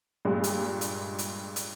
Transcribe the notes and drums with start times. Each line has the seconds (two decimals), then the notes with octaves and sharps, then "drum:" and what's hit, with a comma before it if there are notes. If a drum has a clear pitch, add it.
0.25 G2 A#2 G3 G#3
0.44 drum: hi-hat
0.81 drum: hi-hat
1.18 drum: hi-hat
1.56 drum: hi-hat